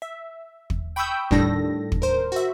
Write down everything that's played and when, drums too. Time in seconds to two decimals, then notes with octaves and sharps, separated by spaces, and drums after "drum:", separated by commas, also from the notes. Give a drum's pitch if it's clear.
0.02 E5
0.70 drum: kick
0.96 G5 B5 C#6 D#6 E6 G6
1.31 A2 D#3 G3 D4 A4 A#6, drum: kick
1.92 drum: kick
2.02 A#4 C5
2.32 F#4 E5